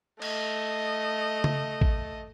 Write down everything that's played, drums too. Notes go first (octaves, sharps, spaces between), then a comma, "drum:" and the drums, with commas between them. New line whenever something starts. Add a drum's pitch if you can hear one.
A3 D#5, drum: cymbal
drum: tom C#3
drum: kick A1